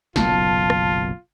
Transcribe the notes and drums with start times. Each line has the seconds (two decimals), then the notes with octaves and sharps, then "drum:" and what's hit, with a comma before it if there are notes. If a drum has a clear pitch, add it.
0.16 F#1 B1 A#2 F4 A5, drum: snare
0.70 drum: rim click